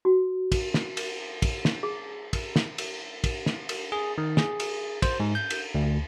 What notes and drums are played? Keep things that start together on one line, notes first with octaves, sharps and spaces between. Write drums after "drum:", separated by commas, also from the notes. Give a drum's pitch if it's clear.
F#4
drum: kick, cymbal
drum: snare
drum: cymbal
drum: kick, cymbal
drum: snare
G#4
drum: kick, cymbal
drum: snare
drum: cymbal
drum: kick, cymbal
drum: snare
drum: cymbal
G#4
D#3
G#4, drum: snare
drum: cymbal
C5, drum: kick, cymbal
G#2
G6
drum: cymbal
D2